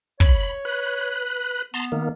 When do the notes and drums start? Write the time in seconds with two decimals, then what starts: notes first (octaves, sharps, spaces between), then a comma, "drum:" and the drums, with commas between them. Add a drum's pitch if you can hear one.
0.20 C#5 B5, drum: kick
0.65 B4 F#6
1.74 B3 A5 A#5 C6
1.92 D#3 A#3